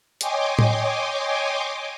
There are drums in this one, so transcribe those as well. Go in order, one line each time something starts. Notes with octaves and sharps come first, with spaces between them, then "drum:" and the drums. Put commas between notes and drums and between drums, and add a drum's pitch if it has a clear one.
C#5 D#5 G5 G#5 C6 D6, drum: hi-hat
drum: tom A2